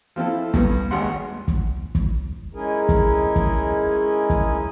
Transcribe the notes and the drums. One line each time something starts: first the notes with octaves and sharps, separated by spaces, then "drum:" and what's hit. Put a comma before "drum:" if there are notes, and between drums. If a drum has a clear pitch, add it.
F3 C4 E4 A4
G2 B3, drum: kick
G#1 D#2 F#5 C6
drum: kick
drum: kick
G#3 C#4 D#4 E4 G#4 A#4
drum: kick
drum: kick
drum: kick